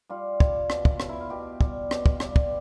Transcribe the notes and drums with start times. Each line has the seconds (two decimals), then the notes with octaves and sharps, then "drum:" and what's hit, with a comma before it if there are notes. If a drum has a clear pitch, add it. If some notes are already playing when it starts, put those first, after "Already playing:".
0.09 G3 F4
0.40 G3, drum: kick
0.70 B2, drum: rim click
0.85 drum: kick
1.00 B2, drum: rim click
1.09 E4
1.20 F4
1.30 B2 G4
1.61 G3, drum: kick
1.91 B2, drum: rim click
2.06 drum: kick
2.20 G3, drum: rim click
2.36 drum: kick